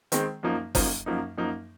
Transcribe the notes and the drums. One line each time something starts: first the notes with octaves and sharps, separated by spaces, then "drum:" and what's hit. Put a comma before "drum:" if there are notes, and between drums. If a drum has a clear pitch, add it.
D#3 G#3 C4, drum: hi-hat
F#2 F3 A#3 D#4
F#2 F3 A#3 D#4, drum: kick F#1, open hi-hat
F#2 F3 A#3 D#4
F#2 F3 A#3 D#4